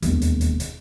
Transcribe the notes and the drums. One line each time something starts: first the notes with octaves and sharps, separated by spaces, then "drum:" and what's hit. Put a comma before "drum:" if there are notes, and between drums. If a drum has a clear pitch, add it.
E1 D#2, drum: hi-hat
drum: hi-hat
drum: hi-hat
drum: hi-hat